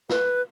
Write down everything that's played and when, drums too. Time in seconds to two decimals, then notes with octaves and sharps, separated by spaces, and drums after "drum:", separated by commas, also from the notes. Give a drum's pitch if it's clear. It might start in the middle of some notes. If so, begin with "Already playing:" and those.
0.10 B4, drum: snare